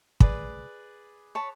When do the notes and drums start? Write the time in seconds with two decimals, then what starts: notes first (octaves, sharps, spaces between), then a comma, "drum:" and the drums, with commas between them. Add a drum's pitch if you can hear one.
0.20 G#4 B4 D5, drum: kick
1.35 C#5 A5 B5